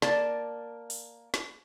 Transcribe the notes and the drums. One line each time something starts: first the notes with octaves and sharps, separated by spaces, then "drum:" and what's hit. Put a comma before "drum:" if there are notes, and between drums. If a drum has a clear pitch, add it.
A#3 D5 A5, drum: snare
drum: open hi-hat
drum: snare